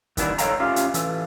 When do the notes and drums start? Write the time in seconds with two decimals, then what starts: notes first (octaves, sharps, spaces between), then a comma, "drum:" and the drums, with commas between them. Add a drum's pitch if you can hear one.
0.17 D#3 E3 G3 B3 D4 E4, drum: kick, hi-hat
0.38 A4 C#5 D#5 F5 G5 A#5, drum: hi-hat
0.60 C#4 F4 G4 E5 F5
0.76 drum: hi-hat
0.94 E3 A4, drum: hi-hat